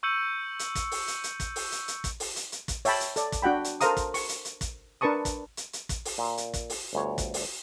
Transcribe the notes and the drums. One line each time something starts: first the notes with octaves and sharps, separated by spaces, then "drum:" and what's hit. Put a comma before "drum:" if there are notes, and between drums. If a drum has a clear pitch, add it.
C#6 E6 G6 C#7 D#7 F#7
drum: hi-hat
drum: kick, hi-hat
drum: open hi-hat
drum: hi-hat
drum: hi-hat
drum: kick, hi-hat
drum: open hi-hat
drum: hi-hat
drum: hi-hat
drum: kick, hi-hat
drum: open hi-hat
drum: hi-hat
drum: hi-hat
drum: kick, hi-hat
C#5 E5 G5 A5 B5, drum: open hi-hat
drum: hi-hat
A4 D5, drum: hi-hat
drum: kick, hi-hat
D4 F#4 F#5 G5 B5
drum: hi-hat
A4 A#4 C5 F5 A#5 D#6, drum: hi-hat
drum: kick, hi-hat
C#6, drum: open hi-hat
drum: hi-hat
drum: hi-hat
drum: kick, hi-hat
D4 A#4 B4 A5 C#6 D#6
drum: kick, hi-hat
drum: hi-hat
drum: hi-hat
drum: kick, hi-hat
drum: open hi-hat
A#2
drum: hi-hat
drum: kick, hi-hat
drum: open hi-hat
G1 D2 C#5
drum: kick, hi-hat
drum: open hi-hat